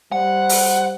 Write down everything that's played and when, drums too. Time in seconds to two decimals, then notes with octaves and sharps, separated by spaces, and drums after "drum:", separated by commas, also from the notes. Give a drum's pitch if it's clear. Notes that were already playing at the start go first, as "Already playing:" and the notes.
0.12 G3 C5 F#5
0.49 drum: open hi-hat